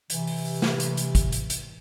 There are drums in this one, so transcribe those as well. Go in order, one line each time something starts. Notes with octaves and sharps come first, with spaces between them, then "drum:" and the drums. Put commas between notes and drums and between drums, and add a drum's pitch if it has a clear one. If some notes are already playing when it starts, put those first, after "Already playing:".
C3 E3, drum: hi-hat
drum: open hi-hat
drum: open hi-hat
drum: snare
drum: hi-hat
drum: hi-hat
drum: kick, hi-hat
drum: hi-hat
drum: hi-hat